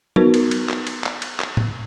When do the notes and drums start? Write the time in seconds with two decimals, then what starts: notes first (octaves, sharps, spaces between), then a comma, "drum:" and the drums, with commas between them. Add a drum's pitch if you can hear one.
0.16 B3 D#4 F#4 A#4 B4, drum: tom
0.34 drum: cymbal
0.51 drum: cymbal
0.69 drum: clap
0.87 drum: cymbal
1.04 drum: clap
1.22 drum: cymbal
1.40 drum: clap
1.57 drum: tom A2